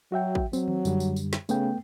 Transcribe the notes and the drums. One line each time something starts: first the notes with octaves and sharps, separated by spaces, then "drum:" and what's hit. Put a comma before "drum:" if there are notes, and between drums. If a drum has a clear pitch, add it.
F#3 F#4 E5 G5
drum: kick
F#3 C4, drum: tambourine
drum: tom D#3
F#2 D3 G3, drum: tambourine
drum: tambourine
drum: tambourine
drum: snare
C#3 A3 B3 G5, drum: tambourine